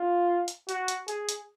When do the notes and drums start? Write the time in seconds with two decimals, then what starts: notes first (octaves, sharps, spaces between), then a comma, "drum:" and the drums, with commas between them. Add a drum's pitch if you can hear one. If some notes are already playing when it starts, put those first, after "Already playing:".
Already playing: F4
0.48 drum: hi-hat
0.69 F#4, drum: hi-hat
0.88 drum: hi-hat
1.08 G#4, drum: hi-hat
1.29 drum: hi-hat